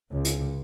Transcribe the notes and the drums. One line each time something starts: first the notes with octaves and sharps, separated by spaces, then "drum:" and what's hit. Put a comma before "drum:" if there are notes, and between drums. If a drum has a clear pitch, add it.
C#2
drum: hi-hat